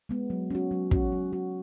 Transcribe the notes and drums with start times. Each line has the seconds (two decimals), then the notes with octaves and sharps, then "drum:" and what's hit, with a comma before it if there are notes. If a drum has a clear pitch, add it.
0.09 G#3 B3
0.30 F#3
0.50 C#4 F#4
0.71 F#3
0.91 C#4 F#4, drum: kick
1.12 F#3
1.33 C#4 F#4